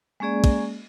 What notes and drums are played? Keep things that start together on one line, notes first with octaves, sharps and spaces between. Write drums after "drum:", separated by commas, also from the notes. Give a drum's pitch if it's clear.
G#3 A#3 C#4 G#4 D5
drum: kick, cymbal